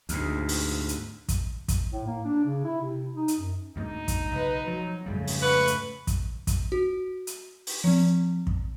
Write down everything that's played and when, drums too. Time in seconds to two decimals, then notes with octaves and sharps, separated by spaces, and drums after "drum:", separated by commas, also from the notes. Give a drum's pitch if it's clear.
0.09 D2 G#2, drum: hi-hat
0.49 drum: open hi-hat
0.89 drum: hi-hat
1.29 drum: kick, hi-hat
1.68 drum: kick, hi-hat
1.92 A2
2.06 A#3
2.25 D4
2.45 C#3
2.64 E4
2.82 C3
3.16 D#4
3.28 drum: hi-hat
3.39 F#2
3.76 D2 G#2 A#3 D#4
4.08 drum: kick, hi-hat
4.31 B1 C#3 B4 D#5
4.67 F3 F#3
5.06 F2 G#2 C#3 G3 A3
5.28 drum: open hi-hat
5.42 B4 C#6
5.67 drum: hi-hat
6.07 drum: kick, hi-hat
6.47 drum: kick, hi-hat
6.72 F#4
7.27 drum: hi-hat
7.67 drum: open hi-hat
7.84 F3 C4
8.47 drum: kick